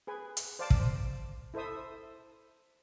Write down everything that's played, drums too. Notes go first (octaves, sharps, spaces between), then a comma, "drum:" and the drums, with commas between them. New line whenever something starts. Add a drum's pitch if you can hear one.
G#4 B4 G#5
drum: hi-hat
C5 D5 F5 A5 D6
drum: kick
E4 A4 C5 E5 D#6